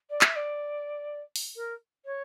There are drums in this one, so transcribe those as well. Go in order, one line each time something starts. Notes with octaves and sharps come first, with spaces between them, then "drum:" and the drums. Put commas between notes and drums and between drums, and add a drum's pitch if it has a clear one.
D5
E5, drum: clap
D5
drum: open hi-hat
A#4
C#5